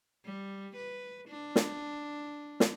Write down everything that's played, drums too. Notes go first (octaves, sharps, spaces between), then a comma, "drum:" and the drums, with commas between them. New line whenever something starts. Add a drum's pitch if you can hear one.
G3
B4
D4
drum: snare
drum: snare